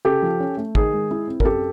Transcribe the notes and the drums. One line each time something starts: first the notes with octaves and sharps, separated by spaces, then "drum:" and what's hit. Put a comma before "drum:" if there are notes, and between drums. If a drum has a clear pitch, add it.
C#3 G4 A4
F3
C#4
A3
D#3 G#4, drum: kick
G#3
E4
C4
A#4, drum: kick
F#2 G4 A4